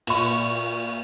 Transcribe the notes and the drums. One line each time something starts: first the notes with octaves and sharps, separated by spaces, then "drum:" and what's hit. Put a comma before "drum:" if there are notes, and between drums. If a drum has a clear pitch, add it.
A#2 C#6, drum: cymbal